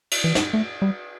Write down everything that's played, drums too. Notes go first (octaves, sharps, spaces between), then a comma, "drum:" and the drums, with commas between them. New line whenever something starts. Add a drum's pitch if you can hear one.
drum: cymbal
E3
drum: snare
A3
G3